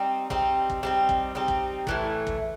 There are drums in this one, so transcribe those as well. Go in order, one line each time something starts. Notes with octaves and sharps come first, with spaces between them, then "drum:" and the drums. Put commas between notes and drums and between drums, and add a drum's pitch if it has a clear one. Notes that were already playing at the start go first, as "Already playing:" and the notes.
Already playing: G3 C4 D#4
G3 C4 D#4, drum: kick
drum: kick
G3 C4 D#4
drum: kick
G3 C4 D#4
drum: kick
A2 E3 A3, drum: kick
drum: kick